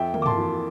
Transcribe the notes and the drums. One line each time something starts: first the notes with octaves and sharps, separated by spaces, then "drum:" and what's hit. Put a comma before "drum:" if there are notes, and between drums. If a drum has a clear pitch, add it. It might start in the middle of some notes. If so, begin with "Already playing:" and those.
Already playing: F2 E5 G5
A#3, drum: tom
D6
A5 C6, drum: tom G2
E3